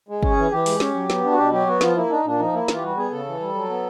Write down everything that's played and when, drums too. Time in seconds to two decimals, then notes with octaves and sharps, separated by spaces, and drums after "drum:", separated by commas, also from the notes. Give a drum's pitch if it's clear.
0.09 G#3
0.23 C#4, drum: kick
0.30 G#4
0.37 E3
0.51 E3 G4
0.66 G#3, drum: open hi-hat
0.80 C#4, drum: snare
0.95 F#3
1.10 B3, drum: snare
1.24 D4
1.31 F#4
1.38 B2 G4
1.52 F#3 G4
1.67 B3 F#4
1.81 F3 F4, drum: snare
1.96 A#3 E4
2.10 D4 D#4
2.25 A#2 D4
2.40 F3 D#4
2.53 A#3 E4
2.68 E3 F4, drum: snare
2.76 G4
2.82 G3 F#4
2.97 B3 G#4
3.12 C#3 A4
3.26 E3
3.40 G3
3.54 F#3
3.69 B3